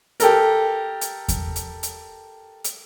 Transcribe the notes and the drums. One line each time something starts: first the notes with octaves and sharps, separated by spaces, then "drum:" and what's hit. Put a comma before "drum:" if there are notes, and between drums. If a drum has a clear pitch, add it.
G4 A4 A#4, drum: hi-hat
drum: hi-hat
drum: kick E2, hi-hat
drum: hi-hat
drum: hi-hat
drum: hi-hat